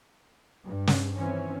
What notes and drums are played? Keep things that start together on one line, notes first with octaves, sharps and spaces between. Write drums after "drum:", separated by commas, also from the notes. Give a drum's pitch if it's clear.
G2
drum: snare
D#3 E3 C4 C#4